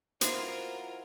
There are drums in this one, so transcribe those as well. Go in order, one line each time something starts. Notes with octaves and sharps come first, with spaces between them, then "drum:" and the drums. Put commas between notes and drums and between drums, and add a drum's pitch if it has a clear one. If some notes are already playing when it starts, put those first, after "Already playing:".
E3 F#3 F4 A#4 C5, drum: hi-hat